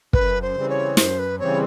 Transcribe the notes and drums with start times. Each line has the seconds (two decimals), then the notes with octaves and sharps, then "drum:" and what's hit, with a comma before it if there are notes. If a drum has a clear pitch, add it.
0.13 F#2 B4, drum: kick
0.42 C5
0.55 C#3 E3 G3 C4
0.69 C#5
0.97 F#2 C5, drum: snare
1.19 B4
1.39 C#3 E3 G3 C4 C#5